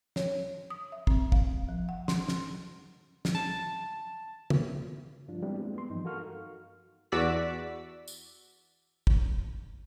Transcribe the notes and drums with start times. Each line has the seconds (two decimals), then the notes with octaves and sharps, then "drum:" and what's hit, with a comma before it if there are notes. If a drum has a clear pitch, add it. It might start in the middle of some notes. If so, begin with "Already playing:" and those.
0.16 C#5, drum: snare
0.70 D#6
0.92 E5
1.07 C4, drum: kick
1.32 F5, drum: kick
1.69 F3
1.89 F#5
2.08 C6, drum: snare
2.28 drum: snare
3.25 drum: snare
3.35 A5
4.50 drum: tom
5.28 G2 F3 G3 D4 F4
5.42 G3 G#3 B3 C4 D4 E4
5.59 G#3 A#3 C4
5.74 B3 C6
5.90 G2 E3 F3 D#4
6.05 F#4 A4 A#4 F5 C#6 F6
7.12 E2 F#4 D5 E6 B6
8.08 drum: tambourine
9.07 drum: kick